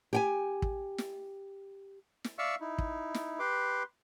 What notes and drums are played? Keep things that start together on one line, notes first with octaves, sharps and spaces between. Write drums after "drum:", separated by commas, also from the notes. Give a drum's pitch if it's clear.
G4 G5 G#5
drum: kick
drum: snare
drum: snare
D5 E5 F5 C#6 E6
D#4 E4
drum: kick
drum: snare
G4 B4 C6 D6